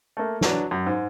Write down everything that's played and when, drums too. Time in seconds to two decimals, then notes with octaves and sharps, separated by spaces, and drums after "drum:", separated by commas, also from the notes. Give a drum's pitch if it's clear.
0.17 A3 A#3
0.41 E3 F#3 D4, drum: snare
0.71 F#2
0.86 G#2